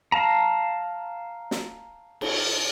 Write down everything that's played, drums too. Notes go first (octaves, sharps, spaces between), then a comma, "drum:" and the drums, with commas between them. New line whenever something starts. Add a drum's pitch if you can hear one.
F5 A5 A#5
drum: snare
drum: cymbal